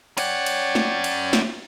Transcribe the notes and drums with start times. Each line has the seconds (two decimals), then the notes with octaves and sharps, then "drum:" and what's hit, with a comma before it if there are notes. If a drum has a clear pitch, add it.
0.18 C#4 C#5 D5 F#5 G5, drum: cymbal
0.46 drum: cymbal
0.75 drum: snare
1.04 drum: cymbal
1.33 drum: snare